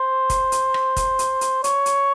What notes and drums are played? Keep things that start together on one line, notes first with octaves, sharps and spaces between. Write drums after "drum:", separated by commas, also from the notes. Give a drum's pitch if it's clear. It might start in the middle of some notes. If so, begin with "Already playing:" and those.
Already playing: C5
drum: kick, hi-hat
drum: hi-hat
drum: rim click
drum: kick, hi-hat
drum: hi-hat
drum: hi-hat
C#5, drum: hi-hat
drum: hi-hat